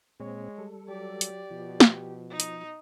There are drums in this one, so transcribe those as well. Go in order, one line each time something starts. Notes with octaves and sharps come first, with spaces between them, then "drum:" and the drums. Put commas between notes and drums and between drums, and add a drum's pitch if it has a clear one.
A#2 G#3 C4 C#5
G3 A4
F#3 G4 D5
drum: hi-hat
B2 F3
drum: snare
D#4
drum: hi-hat